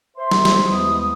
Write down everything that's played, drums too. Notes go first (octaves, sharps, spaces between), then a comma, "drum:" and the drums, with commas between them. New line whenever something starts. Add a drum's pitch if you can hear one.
C5 E5 C6
drum: snare
drum: snare
D#2 E3 G#3 B3 E4 D#6